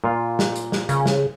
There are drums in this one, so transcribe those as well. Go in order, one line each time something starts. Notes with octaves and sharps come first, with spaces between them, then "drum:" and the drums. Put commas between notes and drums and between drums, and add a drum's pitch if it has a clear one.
A#2 F4
drum: snare
drum: hi-hat
drum: snare
C#3, drum: hi-hat
drum: snare